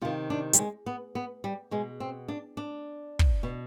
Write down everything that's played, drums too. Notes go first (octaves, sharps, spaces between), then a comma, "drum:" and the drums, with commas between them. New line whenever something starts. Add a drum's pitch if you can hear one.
C3 D#3 F4
D4
G3, drum: hi-hat
G#3
B3
B3
G3
B2 G#3
C4
D4
D4
drum: kick
B2